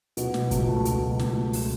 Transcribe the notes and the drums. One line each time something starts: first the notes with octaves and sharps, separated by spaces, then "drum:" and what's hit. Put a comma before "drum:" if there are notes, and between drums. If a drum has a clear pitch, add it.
B2, drum: hi-hat
F#3, drum: snare
C#2, drum: kick, hi-hat
A3
B2, drum: hi-hat
F#3
C#2, drum: snare
A3
drum: open hi-hat